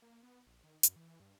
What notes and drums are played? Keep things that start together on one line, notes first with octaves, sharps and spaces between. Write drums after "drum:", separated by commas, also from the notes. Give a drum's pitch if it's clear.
A#3
B3
A#1
D#3
F#2, drum: hi-hat
E3
G2